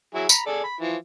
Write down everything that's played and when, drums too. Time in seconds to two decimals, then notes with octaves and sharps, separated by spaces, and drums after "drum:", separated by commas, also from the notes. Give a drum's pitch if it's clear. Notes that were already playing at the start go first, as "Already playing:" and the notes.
0.14 F#3 E4 G#4
0.29 A#5 B5, drum: tambourine
0.46 G#4 A4 D5
0.63 B5
0.81 E3 F3